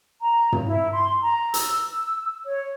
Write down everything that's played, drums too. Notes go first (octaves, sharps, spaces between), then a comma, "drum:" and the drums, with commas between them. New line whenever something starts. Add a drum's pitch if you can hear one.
A#5
drum: tom
E4
C6
A#5
E6, drum: hi-hat
C#5